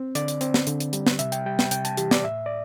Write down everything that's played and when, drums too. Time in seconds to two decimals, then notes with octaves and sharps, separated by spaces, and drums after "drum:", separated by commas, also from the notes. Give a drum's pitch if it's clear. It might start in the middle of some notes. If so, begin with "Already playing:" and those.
Already playing: C4
0.15 D3 D5, drum: hi-hat
0.28 drum: hi-hat
0.41 C4, drum: hi-hat
0.54 drum: snare
0.67 D3, drum: hi-hat
0.80 drum: hi-hat
0.93 G3, drum: hi-hat
1.07 drum: snare
1.19 C3 E5, drum: hi-hat
1.32 G5, drum: hi-hat
1.46 G3 G5
1.59 G5, drum: snare
1.71 C3 G5, drum: hi-hat
1.85 A5, drum: hi-hat
1.97 E3 G4, drum: hi-hat
2.11 D5, drum: snare
2.23 A2 E5
2.46 D5